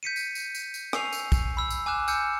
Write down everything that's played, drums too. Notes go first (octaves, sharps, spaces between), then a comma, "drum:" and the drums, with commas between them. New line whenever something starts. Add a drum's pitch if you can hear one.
G6 B6 C#7 D#7
drum: tambourine
drum: tambourine
drum: tambourine
drum: tambourine
G#5 C#6 E6 C7 F7, drum: rim click
drum: tambourine
drum: kick, tambourine
B5 E6
drum: tambourine
G#5 D6 F6 F#6 E7
G#5 E6 F6 G6 C#7 E7, drum: tambourine